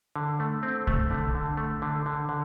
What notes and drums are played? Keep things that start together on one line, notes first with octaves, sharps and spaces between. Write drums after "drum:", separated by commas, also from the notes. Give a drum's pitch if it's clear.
D3
A3
C4
A3, drum: kick
D3
D3
A3
D3
D3
D3